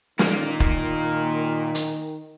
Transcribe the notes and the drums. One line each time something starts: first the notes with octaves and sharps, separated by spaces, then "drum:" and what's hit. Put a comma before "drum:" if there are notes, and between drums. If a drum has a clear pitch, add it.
A#2 D#3 A#3, drum: snare
drum: kick
drum: hi-hat